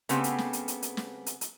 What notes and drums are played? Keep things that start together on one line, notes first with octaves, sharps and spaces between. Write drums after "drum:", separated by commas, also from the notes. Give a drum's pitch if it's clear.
C#3 A3 B3 C4 G4, drum: hi-hat
drum: hi-hat
drum: snare
drum: hi-hat
drum: hi-hat
drum: hi-hat
drum: snare
drum: hi-hat
drum: hi-hat